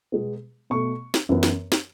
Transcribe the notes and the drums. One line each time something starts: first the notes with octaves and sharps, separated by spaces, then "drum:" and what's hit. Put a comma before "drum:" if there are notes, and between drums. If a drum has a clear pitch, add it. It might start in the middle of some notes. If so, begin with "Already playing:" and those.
B2 G#3 B3
B2 A3 C#6
drum: snare
F#2 E3 B3
drum: snare
drum: snare